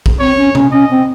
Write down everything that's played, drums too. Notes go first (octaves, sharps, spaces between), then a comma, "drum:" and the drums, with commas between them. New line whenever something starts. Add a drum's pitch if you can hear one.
drum: kick A1
C4 C#5
C#4
C#4, drum: tom C3
C#4 D#5
C4